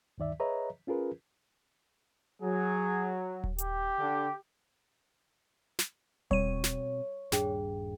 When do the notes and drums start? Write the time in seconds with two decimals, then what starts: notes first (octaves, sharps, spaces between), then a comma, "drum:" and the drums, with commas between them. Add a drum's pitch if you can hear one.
0.18 D2 G2 D#3 D5 E5
0.40 G#4 B4 C#5 D#5 E5 A#5
0.87 C#4 F4 G#4 A#4 B4
2.42 F#3 G#4
3.44 drum: kick D#1
3.58 G4, drum: hi-hat
3.98 D3
5.79 drum: snare
6.31 B2 G3 C4 C#5 D#7, drum: kick D#1
6.64 drum: snare
7.32 D#1 G2 D4 G#4 G5, drum: snare